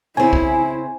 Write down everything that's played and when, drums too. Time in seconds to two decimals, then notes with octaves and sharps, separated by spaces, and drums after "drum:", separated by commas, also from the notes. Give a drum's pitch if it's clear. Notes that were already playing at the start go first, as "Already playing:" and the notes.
0.17 C#3 C4 E4 G#5
0.33 drum: kick